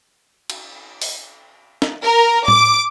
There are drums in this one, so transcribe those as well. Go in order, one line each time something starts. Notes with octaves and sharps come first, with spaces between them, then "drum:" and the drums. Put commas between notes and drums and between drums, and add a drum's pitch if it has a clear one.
drum: cymbal
drum: open hi-hat
drum: snare
A#4
D6, drum: tom A2